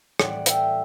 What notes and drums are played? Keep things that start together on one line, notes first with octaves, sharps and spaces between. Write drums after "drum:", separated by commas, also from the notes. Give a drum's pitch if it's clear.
A2 E3 G3 C4 D5 F#5, drum: rim click
E5 G5, drum: hi-hat